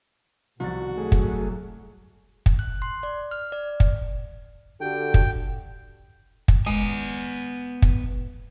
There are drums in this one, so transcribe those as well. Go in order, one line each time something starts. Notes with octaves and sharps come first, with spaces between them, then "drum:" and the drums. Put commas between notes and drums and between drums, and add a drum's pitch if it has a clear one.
C2 B2 D#3 F3 F#4 A6
F#3 A3 G#4
drum: kick
drum: kick
F#6
C6
D5
F6
D5
drum: kick
D3 F#4 G4 A4 G5
drum: kick
drum: kick
G#3 B3 G#5
drum: kick